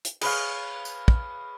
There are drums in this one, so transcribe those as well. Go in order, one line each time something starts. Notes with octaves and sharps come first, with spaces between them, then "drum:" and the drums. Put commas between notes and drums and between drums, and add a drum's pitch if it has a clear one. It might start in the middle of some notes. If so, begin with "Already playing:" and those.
drum: hi-hat
G#4 B4 C#5 F5, drum: cymbal
drum: tambourine
drum: kick